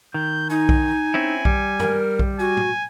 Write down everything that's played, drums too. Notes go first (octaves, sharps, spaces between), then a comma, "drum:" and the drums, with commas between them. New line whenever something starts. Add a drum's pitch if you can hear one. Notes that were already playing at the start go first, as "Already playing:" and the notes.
D#3 G6
D#4 G#5
drum: kick B1
C4 C#4 E4
G3, drum: kick B1
A#4, drum: tom F#2
drum: kick B1
F#4 G#5
drum: tom A2